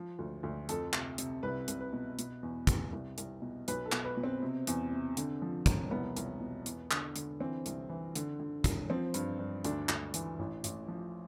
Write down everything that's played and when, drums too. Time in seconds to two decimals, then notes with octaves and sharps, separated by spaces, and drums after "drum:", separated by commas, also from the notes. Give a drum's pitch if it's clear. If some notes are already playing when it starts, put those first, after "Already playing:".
Already playing: F3
0.19 D2
0.43 D2
0.69 F2 A4, drum: hi-hat
0.93 C3, drum: clap
1.18 C3, drum: hi-hat
1.43 C2 B4
1.68 C2, drum: hi-hat
1.80 B4
1.93 B2
2.19 B2, drum: hi-hat
2.43 E2
2.67 E2, drum: kick, hi-hat
2.93 C2
3.18 C2, drum: hi-hat
3.42 B2
3.68 B1 B4, drum: hi-hat
3.86 A4
3.92 B2, drum: clap
4.04 B4
4.17 B2
4.23 C4
4.42 C3
4.67 E2, drum: hi-hat
4.92 C3
5.17 D3, drum: hi-hat
5.42 F3
5.66 E1, drum: kick, hi-hat
5.90 C2 B3
6.17 C2, drum: hi-hat
6.40 B2
6.66 E2, drum: hi-hat
6.91 D3, drum: clap
7.16 D3, drum: hi-hat
7.40 E3 C4
7.66 C2, drum: hi-hat
7.89 E3
8.15 D3, drum: hi-hat
8.40 D3
8.64 E1, drum: kick, hi-hat
8.90 F3 C4
9.14 G2, drum: hi-hat
9.39 G2
9.64 D2 D4, drum: hi-hat
9.89 D2, drum: clap
10.14 E3, drum: hi-hat
10.39 A1
10.64 A1, drum: hi-hat
10.88 F3